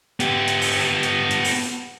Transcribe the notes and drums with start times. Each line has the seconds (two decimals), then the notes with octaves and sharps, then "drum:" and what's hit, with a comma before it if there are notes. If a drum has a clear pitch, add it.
0.20 B3 G4, drum: hi-hat
0.48 drum: hi-hat
0.61 drum: open hi-hat
1.03 drum: hi-hat
1.31 drum: hi-hat
1.44 drum: open hi-hat